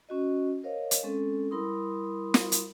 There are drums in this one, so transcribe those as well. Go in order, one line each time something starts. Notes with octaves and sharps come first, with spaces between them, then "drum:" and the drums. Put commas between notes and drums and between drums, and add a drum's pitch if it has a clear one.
C#4 F#4 D#5
A#4 C5 C#5 D#5 F5
drum: hi-hat
G#3 C4 C#4 A4
G3 E4 A#4 B5 C6 D#6
drum: snare
drum: hi-hat